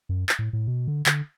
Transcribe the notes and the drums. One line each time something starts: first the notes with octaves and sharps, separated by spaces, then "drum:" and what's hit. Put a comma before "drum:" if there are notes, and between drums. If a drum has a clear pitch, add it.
F#2
drum: clap
A2
A2
B2
D3
D3, drum: clap